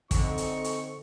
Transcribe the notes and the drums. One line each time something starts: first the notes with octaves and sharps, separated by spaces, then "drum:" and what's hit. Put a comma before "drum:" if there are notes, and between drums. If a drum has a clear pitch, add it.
D3 C4 D#4 A4 C#6, drum: kick, hi-hat
drum: hi-hat
drum: hi-hat